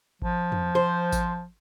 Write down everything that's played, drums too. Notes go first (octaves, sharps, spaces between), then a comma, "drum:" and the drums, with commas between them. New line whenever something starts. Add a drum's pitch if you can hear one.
F3, drum: kick G#1
drum: tom
C5
drum: kick G#1, tambourine